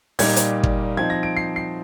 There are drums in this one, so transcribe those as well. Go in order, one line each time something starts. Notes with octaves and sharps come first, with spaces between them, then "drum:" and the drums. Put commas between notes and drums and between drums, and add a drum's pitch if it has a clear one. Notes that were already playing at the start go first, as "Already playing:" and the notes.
A#2 G3 A#3 D#4 G#6, drum: open hi-hat
drum: hi-hat
drum: kick
F3 C4 D#4 G#6
A#6
D7
C7
C7